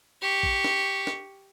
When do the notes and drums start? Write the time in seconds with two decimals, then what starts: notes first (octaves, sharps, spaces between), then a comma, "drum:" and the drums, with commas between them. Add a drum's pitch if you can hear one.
0.22 G4 C#6
0.43 drum: kick A1
0.64 drum: snare
1.07 drum: snare